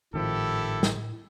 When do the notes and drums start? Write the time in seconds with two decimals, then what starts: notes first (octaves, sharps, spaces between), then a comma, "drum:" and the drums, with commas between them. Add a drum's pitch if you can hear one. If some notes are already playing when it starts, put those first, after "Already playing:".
0.14 G#1 A2 D#3 F3 E4 G4 A4
0.83 drum: snare